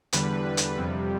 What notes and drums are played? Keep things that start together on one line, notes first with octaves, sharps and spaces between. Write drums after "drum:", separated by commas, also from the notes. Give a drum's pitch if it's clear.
E2 D3 G3 B4, drum: hi-hat
drum: hi-hat
F2 C3 G3